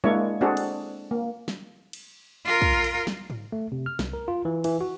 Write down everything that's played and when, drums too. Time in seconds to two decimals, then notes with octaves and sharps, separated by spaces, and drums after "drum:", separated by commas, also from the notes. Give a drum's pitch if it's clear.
0.04 G#3 A#3 D4 E4 C#5
0.41 C4 D4 F#4 G#4 A4
0.57 drum: cymbal
1.11 A#3
1.48 drum: snare
1.93 drum: cymbal
2.45 F4 A#4
2.62 drum: kick
2.84 drum: cymbal
3.07 drum: snare
3.30 drum: tom G#2
3.52 A3
3.72 C3
3.86 F6
3.99 C2, drum: snare
4.13 A#4
4.28 F4
4.45 E3
4.64 E3, drum: cymbal
4.81 F#4